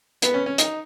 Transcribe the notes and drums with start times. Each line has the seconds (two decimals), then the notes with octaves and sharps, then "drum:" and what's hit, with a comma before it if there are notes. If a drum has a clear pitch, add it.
0.22 B3 B4, drum: hi-hat
0.34 C#4
0.46 C#4
0.58 D#4, drum: hi-hat